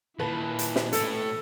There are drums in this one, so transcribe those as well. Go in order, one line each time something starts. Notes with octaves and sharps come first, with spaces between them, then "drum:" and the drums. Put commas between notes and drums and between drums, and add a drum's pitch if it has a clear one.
A#2 D#3 E4 B4 A5
drum: hi-hat
drum: snare
A2 A4, drum: hi-hat